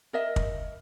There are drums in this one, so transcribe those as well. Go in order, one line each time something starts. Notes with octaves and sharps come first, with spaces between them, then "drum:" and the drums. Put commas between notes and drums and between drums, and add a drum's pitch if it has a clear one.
A#4 D#5 E5
drum: kick